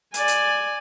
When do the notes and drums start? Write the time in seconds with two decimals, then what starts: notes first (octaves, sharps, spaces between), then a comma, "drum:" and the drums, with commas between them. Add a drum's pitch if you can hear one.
0.14 D5 G#5, drum: hi-hat
0.28 drum: hi-hat